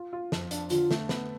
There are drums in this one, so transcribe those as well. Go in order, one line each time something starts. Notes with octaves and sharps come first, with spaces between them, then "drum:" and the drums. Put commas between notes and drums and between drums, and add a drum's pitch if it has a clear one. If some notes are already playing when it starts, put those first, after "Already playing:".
Already playing: F4
F4
F2, drum: snare
D4, drum: hi-hat
D3 F4, drum: hi-hat
A3, drum: snare
B3, drum: snare